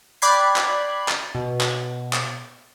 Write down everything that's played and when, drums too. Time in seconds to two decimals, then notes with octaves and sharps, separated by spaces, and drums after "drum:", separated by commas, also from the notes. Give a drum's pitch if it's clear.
0.22 D5 G5 B5 F#6 G#6 C7
0.56 drum: clap
1.08 drum: clap
1.35 B2
1.61 drum: clap
2.13 drum: clap